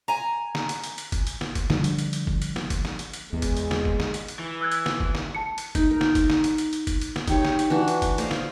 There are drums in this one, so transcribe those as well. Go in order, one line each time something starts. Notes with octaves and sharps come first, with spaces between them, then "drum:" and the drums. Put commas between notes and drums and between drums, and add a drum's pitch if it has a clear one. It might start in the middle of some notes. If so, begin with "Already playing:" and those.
G#5 A#5
drum: snare
drum: hi-hat
drum: hi-hat
drum: hi-hat
drum: kick F#1, hi-hat
drum: hi-hat
drum: snare
drum: kick F#1, hi-hat
D3 F3 G3, drum: snare
drum: hi-hat
drum: hi-hat
drum: hi-hat
drum: kick F#1
drum: hi-hat
drum: snare
drum: kick F#1, hi-hat
drum: snare
drum: hi-hat
drum: hi-hat
E2 G#3 B3
drum: kick F#1, hi-hat
drum: hi-hat
drum: snare
drum: kick F#1
drum: snare
drum: hi-hat
drum: hi-hat
E3
E6 F#6 G#6
drum: hi-hat
drum: snare
drum: kick F#1
drum: snare
A5 C#7
drum: hi-hat
D#4, drum: kick F#1, hi-hat
A#4
drum: snare
drum: kick F#1, hi-hat
drum: snare
drum: hi-hat
drum: hi-hat
drum: hi-hat
drum: kick F#1, hi-hat
drum: hi-hat
drum: snare
D#4 G4 C#5, drum: kick F#1, hi-hat
drum: snare
drum: hi-hat
E3 D4 F#4
drum: hi-hat
drum: kick F#1, hi-hat
C5 D5 D#5 F5, drum: hi-hat
drum: snare